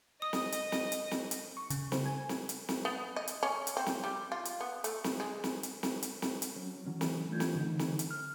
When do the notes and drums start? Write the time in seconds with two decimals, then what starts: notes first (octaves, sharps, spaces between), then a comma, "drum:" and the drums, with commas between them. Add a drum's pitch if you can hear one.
0.22 D#5 D#6
0.33 drum: snare
0.52 drum: hi-hat
0.72 drum: snare
0.92 drum: hi-hat
1.11 drum: snare
1.31 drum: hi-hat
1.57 C#6
1.70 C#3, drum: hi-hat
1.92 C5, drum: snare
2.06 G#5
2.29 drum: snare
2.49 drum: hi-hat
2.69 drum: snare
2.85 B3
3.16 D#5
3.28 drum: hi-hat
3.43 C#4
3.67 drum: hi-hat
3.77 C4
3.86 drum: snare
4.04 G3
4.32 F4
4.45 drum: hi-hat
4.61 B3
4.84 A3, drum: hi-hat
5.04 drum: snare
5.20 G#3
5.44 drum: snare
5.63 drum: hi-hat
5.83 drum: snare
6.03 drum: hi-hat
6.22 drum: snare
6.42 drum: hi-hat
6.56 F#3 C#4
6.87 E3 F#3 C#4
7.01 drum: snare
7.29 E3 A3 D4 F4 G6 G#6
7.40 drum: snare
7.55 D3 E3 D#4
7.79 drum: snare
7.99 drum: hi-hat
8.11 F6